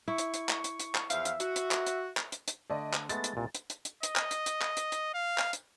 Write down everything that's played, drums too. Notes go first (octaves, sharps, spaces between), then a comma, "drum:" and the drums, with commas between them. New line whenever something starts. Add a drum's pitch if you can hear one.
E4 C#6
drum: hi-hat
drum: hi-hat
drum: clap
drum: hi-hat
drum: hi-hat
drum: clap
E2 F3 E5 F5, drum: hi-hat
drum: hi-hat
F#4, drum: hi-hat
drum: hi-hat
drum: clap
drum: hi-hat
drum: clap
drum: hi-hat
drum: hi-hat
D3 A3 D5 D#5
drum: clap
G#3 A3 B3 A6, drum: hi-hat
drum: hi-hat
C2 A#2
drum: hi-hat
drum: hi-hat
drum: hi-hat
D#5, drum: hi-hat
drum: clap
drum: hi-hat
drum: hi-hat
drum: clap
drum: hi-hat
drum: hi-hat
F5
drum: clap
drum: hi-hat